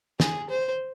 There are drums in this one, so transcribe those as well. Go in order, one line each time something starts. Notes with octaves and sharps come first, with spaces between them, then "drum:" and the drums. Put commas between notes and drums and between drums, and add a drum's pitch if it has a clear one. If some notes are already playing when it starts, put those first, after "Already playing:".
G#4, drum: snare
C5